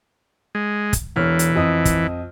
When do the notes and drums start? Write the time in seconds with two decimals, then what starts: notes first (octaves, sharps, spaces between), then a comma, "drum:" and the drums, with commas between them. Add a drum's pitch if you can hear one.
0.55 G#3
0.93 drum: kick, hi-hat
1.16 E1 E3 C#5 F6
1.39 drum: hi-hat
1.56 F2 D#5 D#6
1.85 drum: kick, hi-hat